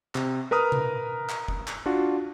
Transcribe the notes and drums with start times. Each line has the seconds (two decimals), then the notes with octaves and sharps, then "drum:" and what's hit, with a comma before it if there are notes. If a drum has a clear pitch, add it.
0.15 C3, drum: clap
0.51 A#4 B4 A#5 D#6 F6
0.72 drum: tom B2
1.29 drum: clap
1.48 drum: kick
1.67 drum: clap
1.86 D4 F4 F#4